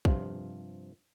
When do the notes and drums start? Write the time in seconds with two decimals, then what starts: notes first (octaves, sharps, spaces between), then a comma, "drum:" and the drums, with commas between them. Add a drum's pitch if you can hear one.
0.05 G2 C3 F3 F4, drum: kick